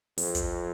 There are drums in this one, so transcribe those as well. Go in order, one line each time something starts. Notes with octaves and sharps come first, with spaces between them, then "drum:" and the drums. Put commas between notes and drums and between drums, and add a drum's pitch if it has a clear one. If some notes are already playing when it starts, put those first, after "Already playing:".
F2, drum: open hi-hat
drum: kick, hi-hat